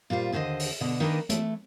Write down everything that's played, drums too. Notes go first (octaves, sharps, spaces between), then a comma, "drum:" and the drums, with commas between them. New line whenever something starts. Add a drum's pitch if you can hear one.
A#2 G3 F4 C5
D#2 D3 C5 D5 D#5
drum: open hi-hat
B2 D3 D4
D#3 A#3 B3 D4 B4 D#5
E3 A3, drum: hi-hat